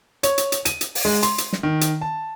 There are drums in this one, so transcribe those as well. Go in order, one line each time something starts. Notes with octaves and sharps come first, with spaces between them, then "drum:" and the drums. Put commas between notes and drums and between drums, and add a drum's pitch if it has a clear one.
C#5, drum: hi-hat
drum: hi-hat
drum: hi-hat
D#7, drum: hi-hat
drum: hi-hat
drum: open hi-hat
G#3
C6, drum: hi-hat
drum: hi-hat
drum: snare
D#3
drum: hi-hat
A5